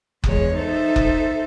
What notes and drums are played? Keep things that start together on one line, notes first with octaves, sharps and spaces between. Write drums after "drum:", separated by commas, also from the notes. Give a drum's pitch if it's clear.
E2 G#3 C#5, drum: kick F#1
D#4 A4 C5 E5
drum: kick F#1